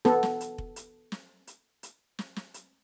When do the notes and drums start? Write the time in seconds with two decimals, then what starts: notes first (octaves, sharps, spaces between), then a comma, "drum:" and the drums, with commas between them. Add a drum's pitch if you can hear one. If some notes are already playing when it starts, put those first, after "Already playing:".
0.05 B3 A4, drum: snare
0.23 drum: snare
0.41 drum: hi-hat
0.58 drum: kick F1
0.76 drum: hi-hat
1.12 drum: snare
1.47 drum: hi-hat
1.83 drum: hi-hat
2.19 drum: snare
2.36 drum: snare
2.54 drum: hi-hat